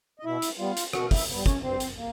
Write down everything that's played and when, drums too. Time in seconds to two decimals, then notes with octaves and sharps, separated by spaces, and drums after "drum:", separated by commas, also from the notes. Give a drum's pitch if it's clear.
0.20 D#5
0.25 B2 E4 E5
0.42 drum: hi-hat
0.59 G3 B3 F4 F5
0.77 drum: hi-hat
0.93 B2 F#4 F#5, drum: rim click
1.06 F5
1.11 E4 E5, drum: kick, open hi-hat
1.29 G3 B3
1.46 C#4 C#5, drum: kick, hi-hat
1.63 G2 C4 C5
1.80 drum: hi-hat
1.97 A#3